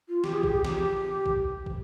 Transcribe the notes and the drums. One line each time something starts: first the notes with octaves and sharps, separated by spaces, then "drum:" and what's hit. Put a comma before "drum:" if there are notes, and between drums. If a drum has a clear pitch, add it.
F4
G4, drum: snare
G#4
G4, drum: kick
drum: snare
drum: kick
drum: kick